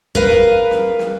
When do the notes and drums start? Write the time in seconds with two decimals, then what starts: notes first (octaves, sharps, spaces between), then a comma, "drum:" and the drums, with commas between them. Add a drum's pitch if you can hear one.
0.15 A#4 B4 F5, drum: kick
0.29 drum: snare
0.71 drum: snare
0.99 drum: snare